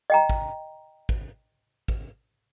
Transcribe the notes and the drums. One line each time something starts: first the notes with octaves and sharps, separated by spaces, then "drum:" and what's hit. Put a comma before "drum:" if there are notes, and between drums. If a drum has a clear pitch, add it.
D#5 G5 A#5
drum: kick
drum: kick
drum: kick